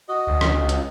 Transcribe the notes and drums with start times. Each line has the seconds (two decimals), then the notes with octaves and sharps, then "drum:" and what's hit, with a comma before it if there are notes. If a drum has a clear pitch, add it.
0.08 F#4 D#5
0.27 D2
0.41 drum: rim click
0.60 C#2
0.69 drum: hi-hat